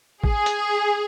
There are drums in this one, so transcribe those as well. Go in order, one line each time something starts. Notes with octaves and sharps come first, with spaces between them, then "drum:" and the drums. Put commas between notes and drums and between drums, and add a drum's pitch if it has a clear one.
G#4, drum: kick
drum: hi-hat